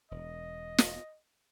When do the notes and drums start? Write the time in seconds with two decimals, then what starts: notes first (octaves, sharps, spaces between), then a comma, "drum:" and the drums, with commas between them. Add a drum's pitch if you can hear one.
0.11 E1 D#5
0.78 drum: snare